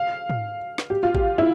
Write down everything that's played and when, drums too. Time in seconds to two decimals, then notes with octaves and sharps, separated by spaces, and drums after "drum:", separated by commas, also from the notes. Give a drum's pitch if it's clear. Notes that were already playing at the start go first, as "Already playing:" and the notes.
Already playing: F5
0.30 drum: tom
0.78 drum: snare
0.90 G4
1.03 F4
1.15 G4, drum: kick A1
1.38 E4